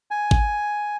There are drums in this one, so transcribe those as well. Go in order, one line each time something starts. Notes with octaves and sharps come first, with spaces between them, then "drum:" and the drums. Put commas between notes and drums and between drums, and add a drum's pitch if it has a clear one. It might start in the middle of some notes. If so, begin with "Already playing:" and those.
G#5
drum: kick G#1